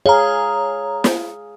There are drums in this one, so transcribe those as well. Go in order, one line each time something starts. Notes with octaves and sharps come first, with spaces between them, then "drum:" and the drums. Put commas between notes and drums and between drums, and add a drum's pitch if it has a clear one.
G#4 C#5 F5 A#5
drum: snare